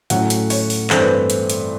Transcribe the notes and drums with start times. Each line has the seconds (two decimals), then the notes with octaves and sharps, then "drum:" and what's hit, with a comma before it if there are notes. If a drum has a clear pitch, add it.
0.10 A2 F#3 A3 C#4 F#5, drum: hi-hat
0.30 drum: hi-hat
0.50 C#5, drum: open hi-hat
0.70 drum: open hi-hat
0.90 G2 E3 A3 C4 C5, drum: clap
1.02 B4
1.14 C5
1.30 drum: hi-hat
1.50 drum: hi-hat